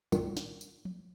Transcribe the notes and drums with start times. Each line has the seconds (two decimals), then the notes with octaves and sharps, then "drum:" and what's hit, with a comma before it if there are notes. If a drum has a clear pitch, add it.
0.12 C2 G2 A#2 D#3, drum: tambourine
0.37 drum: snare
0.61 drum: tambourine
0.85 drum: tom F3